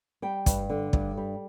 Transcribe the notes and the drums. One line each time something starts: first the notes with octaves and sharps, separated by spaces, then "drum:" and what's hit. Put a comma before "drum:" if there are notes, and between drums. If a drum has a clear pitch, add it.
G3 G5
G2, drum: kick, hi-hat
D3
G2, drum: kick
G3